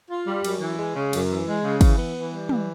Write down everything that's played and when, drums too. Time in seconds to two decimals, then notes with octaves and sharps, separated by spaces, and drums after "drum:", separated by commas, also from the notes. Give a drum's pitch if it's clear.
0.10 F4
0.27 G3
0.45 F#2, drum: cymbal
0.62 E3
0.78 G#3
0.96 C#3
1.13 F#2, drum: cymbal
1.30 E3
1.46 G#3
1.64 C#3
1.81 E3, drum: kick, cymbal
1.98 B3
2.15 E3
2.32 G3
2.49 E3, drum: tom